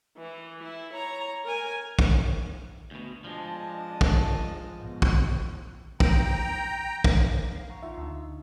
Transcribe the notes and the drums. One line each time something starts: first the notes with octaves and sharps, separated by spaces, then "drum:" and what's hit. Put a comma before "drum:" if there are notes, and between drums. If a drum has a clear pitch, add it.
E3
E4
C#5 A#5
A#4 G#5
drum: kick
D2 B2
F3 G#3 D4 D#5 A5
drum: kick
G#2 B2
drum: kick
G5 A#5, drum: kick
drum: kick
F5
F#5 A#5 C#6
D#4 F4 E5
D2 D4 D#4 E6